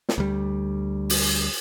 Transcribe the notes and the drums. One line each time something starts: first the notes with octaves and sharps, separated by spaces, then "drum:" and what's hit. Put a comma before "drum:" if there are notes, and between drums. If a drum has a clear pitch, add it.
drum: snare
D2 G3
drum: open hi-hat